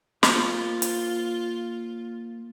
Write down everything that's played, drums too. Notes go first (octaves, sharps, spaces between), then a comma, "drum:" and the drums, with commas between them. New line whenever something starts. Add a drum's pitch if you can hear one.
A#3 F4 C5, drum: snare
drum: hi-hat